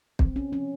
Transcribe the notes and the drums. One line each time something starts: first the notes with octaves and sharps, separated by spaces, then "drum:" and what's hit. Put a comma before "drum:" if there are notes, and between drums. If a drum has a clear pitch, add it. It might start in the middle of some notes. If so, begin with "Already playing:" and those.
C3 C4, drum: kick
C#4
F3 C4 C#4